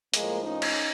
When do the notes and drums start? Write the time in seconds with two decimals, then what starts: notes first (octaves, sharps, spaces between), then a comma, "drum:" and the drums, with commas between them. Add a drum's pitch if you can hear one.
0.14 A2 F3 G#3 A#3, drum: hi-hat
0.44 C#4 D#4
0.62 drum: cymbal